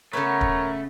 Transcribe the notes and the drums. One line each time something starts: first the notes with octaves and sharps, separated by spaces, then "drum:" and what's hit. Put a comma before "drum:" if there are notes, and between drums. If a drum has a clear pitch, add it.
C#3 A3 B3 A#4 B4 C#5 A#5
drum: kick